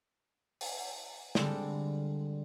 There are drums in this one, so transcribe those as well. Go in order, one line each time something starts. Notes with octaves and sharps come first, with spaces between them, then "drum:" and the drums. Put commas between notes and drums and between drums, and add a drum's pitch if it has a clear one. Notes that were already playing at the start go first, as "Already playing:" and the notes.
drum: open hi-hat
D3 G3 G#3 C4 A4 D5, drum: snare